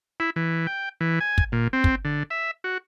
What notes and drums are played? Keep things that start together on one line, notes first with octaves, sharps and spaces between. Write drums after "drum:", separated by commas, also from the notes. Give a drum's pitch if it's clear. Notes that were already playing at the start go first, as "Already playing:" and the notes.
E4
E3
G5
E3
G#5
drum: kick
A#2
C4
drum: kick
D3
E5
F#4